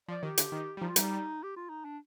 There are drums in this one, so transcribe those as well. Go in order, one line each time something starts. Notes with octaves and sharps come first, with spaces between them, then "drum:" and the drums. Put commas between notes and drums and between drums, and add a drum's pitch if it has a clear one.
F3 D5
D#3 G4
D3, drum: hi-hat
D#3
G3
F3 D#4
F4
G3 D#4, drum: hi-hat
G4
F4
D#4
D4